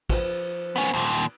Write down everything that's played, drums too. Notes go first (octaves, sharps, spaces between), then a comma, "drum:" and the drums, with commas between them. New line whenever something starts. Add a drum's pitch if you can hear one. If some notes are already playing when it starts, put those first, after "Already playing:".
F3 B4, drum: kick, cymbal
B3 C#4
D#2 A#2